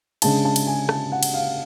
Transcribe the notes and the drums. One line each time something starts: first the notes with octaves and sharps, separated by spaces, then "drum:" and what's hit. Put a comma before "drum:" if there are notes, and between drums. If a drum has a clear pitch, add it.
C#3 G#3 D4 A5, drum: cymbal
A5
drum: cymbal
G#5
A5, drum: rim click
F#5
drum: cymbal
F5